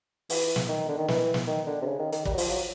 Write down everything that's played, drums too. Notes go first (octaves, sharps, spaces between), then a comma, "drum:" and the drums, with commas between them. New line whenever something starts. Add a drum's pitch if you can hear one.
E3, drum: open hi-hat
drum: snare
D#3
D3
D#3
E3, drum: snare
drum: snare
D#3
D3
C3
C#3
D#3
D#3, drum: hi-hat
G3, drum: kick
F#3
F3, drum: open hi-hat
F#3